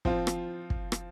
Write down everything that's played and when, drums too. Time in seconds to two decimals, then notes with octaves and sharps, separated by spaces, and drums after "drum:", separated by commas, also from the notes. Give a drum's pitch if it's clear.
0.05 F3 C4 F4, drum: kick
0.27 drum: rim click
0.70 drum: kick
0.92 drum: rim click